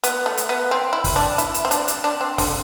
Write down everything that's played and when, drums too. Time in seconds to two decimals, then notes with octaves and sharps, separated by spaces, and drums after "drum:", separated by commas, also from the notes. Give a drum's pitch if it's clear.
0.04 B3, drum: hi-hat
0.26 A3
0.37 drum: hi-hat
0.49 B3
0.71 C4
0.93 E4
1.04 drum: kick, open hi-hat
1.16 D4
1.38 E4, drum: hi-hat
1.54 drum: hi-hat
1.65 C4
1.71 D4, drum: hi-hat
1.88 drum: hi-hat
2.04 D4
2.21 C4
2.38 D3, drum: kick, open hi-hat